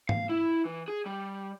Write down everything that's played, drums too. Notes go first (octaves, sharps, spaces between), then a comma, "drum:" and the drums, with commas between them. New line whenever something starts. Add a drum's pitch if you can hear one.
F5, drum: tom
E4
E3
G#4
G3